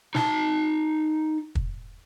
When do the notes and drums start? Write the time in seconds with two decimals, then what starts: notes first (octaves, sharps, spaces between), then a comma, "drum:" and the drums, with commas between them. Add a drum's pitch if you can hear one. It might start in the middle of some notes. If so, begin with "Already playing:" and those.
0.15 D#4 A5, drum: snare
1.55 drum: kick